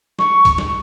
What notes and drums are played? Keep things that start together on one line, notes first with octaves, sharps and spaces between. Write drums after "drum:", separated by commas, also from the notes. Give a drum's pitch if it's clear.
C#6, drum: snare
drum: kick, hi-hat
drum: snare